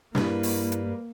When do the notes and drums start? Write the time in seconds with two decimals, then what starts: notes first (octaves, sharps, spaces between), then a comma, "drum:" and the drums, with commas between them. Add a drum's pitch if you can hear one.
0.15 G2 G3 A#3 E4 B4, drum: snare
0.43 drum: open hi-hat
0.72 drum: hi-hat